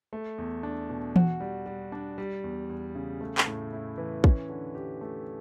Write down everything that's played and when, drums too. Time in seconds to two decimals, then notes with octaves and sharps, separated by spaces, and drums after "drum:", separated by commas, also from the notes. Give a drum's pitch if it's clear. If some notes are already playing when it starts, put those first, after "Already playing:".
0.13 A3
0.38 E2
0.63 D4
0.90 B2
1.16 F#4, drum: tom E3
1.40 G3
1.66 G3
1.92 D4
2.18 G3
2.44 E2
2.69 E2
2.95 C#3
3.21 A3
3.38 drum: clap
3.47 A2
3.73 E4
3.98 E3
4.24 C#4, drum: kick
4.49 D3
4.75 G4
5.01 A3